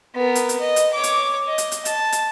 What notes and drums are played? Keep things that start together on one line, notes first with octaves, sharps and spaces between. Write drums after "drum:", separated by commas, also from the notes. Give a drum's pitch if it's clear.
B3 A#4
drum: hi-hat
drum: hi-hat
D#5
drum: hi-hat
C#5 D6
drum: hi-hat
D#5
drum: hi-hat
drum: hi-hat
A5, drum: hi-hat
drum: hi-hat